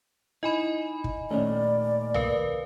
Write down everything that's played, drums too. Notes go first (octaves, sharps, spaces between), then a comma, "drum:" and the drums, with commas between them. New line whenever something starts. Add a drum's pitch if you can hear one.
D#4 E4 D#5 G#5 B5
drum: kick
D#2 A#2 A3 C#4 D5
A#4 B4 F5, drum: tom B1